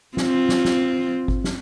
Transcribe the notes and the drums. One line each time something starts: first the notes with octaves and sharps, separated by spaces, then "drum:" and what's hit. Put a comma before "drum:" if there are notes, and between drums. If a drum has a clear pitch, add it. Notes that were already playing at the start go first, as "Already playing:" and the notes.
C4 F4, drum: snare
drum: snare
drum: snare
drum: kick G1
drum: snare